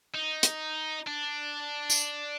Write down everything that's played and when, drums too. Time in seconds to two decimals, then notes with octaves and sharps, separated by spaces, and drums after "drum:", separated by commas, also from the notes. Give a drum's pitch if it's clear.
0.14 D#4
0.43 drum: hi-hat
1.07 D4
1.90 drum: tambourine